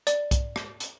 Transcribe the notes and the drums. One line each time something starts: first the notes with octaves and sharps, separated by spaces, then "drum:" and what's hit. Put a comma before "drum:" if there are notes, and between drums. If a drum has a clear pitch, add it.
D5, drum: hi-hat
drum: kick B1, hi-hat
drum: rim click
drum: hi-hat